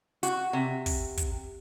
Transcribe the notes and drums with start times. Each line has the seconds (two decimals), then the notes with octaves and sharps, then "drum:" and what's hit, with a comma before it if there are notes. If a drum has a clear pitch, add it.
0.23 F#4, drum: hi-hat
0.53 C3
0.86 drum: kick, open hi-hat
1.17 drum: kick, hi-hat